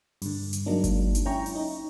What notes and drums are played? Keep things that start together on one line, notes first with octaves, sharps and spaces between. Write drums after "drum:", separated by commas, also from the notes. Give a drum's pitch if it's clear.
G2 D3, drum: open hi-hat
drum: hi-hat
F#3 G#3 A#3 D4 D#4
drum: kick G1, hi-hat
drum: hi-hat
C#4 E4 G5 A#5 C#6
drum: open hi-hat
D#4